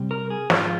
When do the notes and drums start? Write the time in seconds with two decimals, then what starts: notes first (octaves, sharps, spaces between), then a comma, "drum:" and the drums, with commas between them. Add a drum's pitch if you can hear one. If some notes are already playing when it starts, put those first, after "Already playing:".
Already playing: C3 G3
0.11 A#4
0.30 G#4
0.50 G#2 F3 G#3 F4, drum: snare